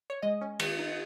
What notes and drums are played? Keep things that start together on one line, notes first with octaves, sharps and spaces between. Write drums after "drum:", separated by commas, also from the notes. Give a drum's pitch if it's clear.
C#5
G#3 D#5
C#4
D#3, drum: cymbal
D#4